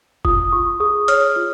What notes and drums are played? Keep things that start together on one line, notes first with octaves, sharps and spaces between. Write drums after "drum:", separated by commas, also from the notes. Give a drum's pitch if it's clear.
F4 D#6, drum: kick F#1
F4 C#6
G#4 D#6
C#5 F6, drum: hi-hat
F4